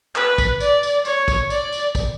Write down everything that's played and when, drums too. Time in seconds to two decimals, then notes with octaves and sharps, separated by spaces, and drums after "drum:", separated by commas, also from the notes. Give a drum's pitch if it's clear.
0.16 B4, drum: clap
0.38 drum: kick, tambourine
0.60 D5, drum: tambourine
0.83 drum: tambourine
1.05 C#5, drum: tambourine
1.28 drum: kick, tambourine
1.50 D5, drum: tambourine
1.72 drum: tambourine
1.95 drum: kick, tambourine